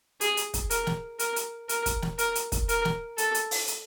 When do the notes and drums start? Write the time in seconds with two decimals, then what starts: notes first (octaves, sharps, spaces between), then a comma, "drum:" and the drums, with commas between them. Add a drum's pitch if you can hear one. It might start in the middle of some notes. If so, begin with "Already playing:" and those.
0.21 G#4, drum: hi-hat
0.37 drum: hi-hat
0.54 drum: kick, hi-hat
0.70 A#4, drum: hi-hat
0.87 drum: snare
1.19 A#4, drum: hi-hat
1.36 drum: hi-hat
1.69 A#4, drum: hi-hat
1.86 drum: kick, hi-hat
2.02 drum: snare
2.18 A#4, drum: hi-hat
2.35 drum: hi-hat
2.52 drum: kick, hi-hat
2.69 A#4, drum: hi-hat
2.85 drum: snare
3.18 A4, drum: hi-hat
3.35 drum: hi-hat
3.51 drum: open hi-hat
3.68 drum: hi-hat